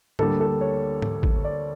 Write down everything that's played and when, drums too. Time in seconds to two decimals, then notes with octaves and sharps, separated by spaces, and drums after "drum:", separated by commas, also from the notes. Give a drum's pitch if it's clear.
0.19 D2 D3 G3 A#3 A4, drum: tom G#2
0.40 A4
0.61 C#5
1.02 drum: tom G#2
1.23 drum: kick
1.44 D5